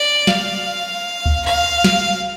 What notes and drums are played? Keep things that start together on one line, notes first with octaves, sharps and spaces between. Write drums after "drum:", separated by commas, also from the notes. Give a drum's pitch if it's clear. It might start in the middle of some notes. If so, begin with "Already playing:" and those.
Already playing: D5
F5, drum: snare
drum: kick D2
F5
drum: snare